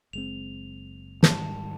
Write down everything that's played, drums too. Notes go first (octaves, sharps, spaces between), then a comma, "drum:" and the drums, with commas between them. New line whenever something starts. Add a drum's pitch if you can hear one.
F#1 G#3 C4 F7
G#2 D#3 G3 A5, drum: snare